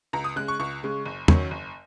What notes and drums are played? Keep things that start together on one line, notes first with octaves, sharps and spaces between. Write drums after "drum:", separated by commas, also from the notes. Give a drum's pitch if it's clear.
C#2 A#5
D#6
C#3 G#3 F#6
C#6
C#2 C#6
C#3 G#3
F#1
F#2 D#3 F#3 C#4, drum: tom
F#1